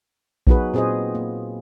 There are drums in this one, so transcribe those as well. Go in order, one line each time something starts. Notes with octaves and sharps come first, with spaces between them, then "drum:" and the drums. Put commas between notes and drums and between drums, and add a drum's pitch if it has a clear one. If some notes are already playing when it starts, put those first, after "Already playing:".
F#3 B3 D#4 F#4 G#4 B4, drum: kick A#1
A#2 C4 G#4 C5 D#5
A#3